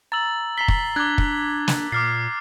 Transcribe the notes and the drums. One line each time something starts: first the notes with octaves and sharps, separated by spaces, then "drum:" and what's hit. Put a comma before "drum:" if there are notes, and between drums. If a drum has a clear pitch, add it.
A#5 E6 A6 F#7
A#5 B6 C7 G7
drum: kick
D4 D6 F#6 G#6 G7
drum: kick
drum: snare
A#2 D6 F6 A6 C7